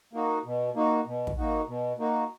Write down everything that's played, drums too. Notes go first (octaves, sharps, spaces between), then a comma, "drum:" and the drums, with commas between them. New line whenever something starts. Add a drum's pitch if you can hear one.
A#3 D#4 F#4
B2
A#3 D#4 F#4
B2
drum: kick
A#3 D#4 F#4
B2
A#3 D#4 F#4